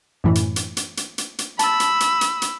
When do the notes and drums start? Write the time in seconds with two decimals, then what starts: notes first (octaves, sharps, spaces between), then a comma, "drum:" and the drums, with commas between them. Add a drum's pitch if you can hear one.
0.24 F#2 A2 E3
0.35 drum: hi-hat
0.56 drum: hi-hat
0.77 drum: hi-hat
0.97 drum: hi-hat
1.18 drum: hi-hat
1.39 drum: hi-hat
1.59 A5 B5 E6, drum: hi-hat
1.80 drum: hi-hat
2.00 drum: hi-hat
2.21 drum: hi-hat
2.42 drum: hi-hat